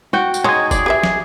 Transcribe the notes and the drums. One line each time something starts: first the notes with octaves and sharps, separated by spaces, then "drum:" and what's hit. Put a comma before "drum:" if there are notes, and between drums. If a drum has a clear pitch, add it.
F#4 G5
drum: tambourine
G#3 D#4 C#5 G#5
G#4 D5, drum: kick F#1, tambourine
G4 B4 E5
drum: snare